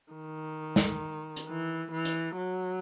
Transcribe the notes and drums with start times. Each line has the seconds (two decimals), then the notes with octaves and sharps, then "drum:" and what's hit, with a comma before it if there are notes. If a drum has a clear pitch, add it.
0.13 D#3
0.76 drum: snare
1.36 drum: hi-hat
1.47 E3
1.92 E3
2.05 drum: hi-hat
2.37 F#3